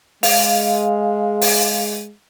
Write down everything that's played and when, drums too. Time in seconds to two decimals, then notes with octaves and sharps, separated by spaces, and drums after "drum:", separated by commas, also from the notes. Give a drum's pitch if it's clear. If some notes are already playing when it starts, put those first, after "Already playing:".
0.23 G#3 F5, drum: open hi-hat
1.41 drum: open hi-hat